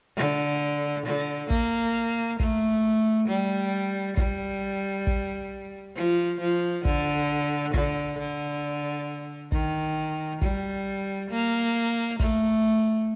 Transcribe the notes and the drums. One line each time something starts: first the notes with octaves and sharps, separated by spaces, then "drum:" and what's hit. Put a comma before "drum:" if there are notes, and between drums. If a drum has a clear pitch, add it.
D3
D3
A#3, drum: kick
A3, drum: kick
G3
G3, drum: kick
drum: kick
F3
F3
D3, drum: kick
D3, drum: kick
D3
D#3, drum: kick
G3, drum: kick
A#3
A3, drum: kick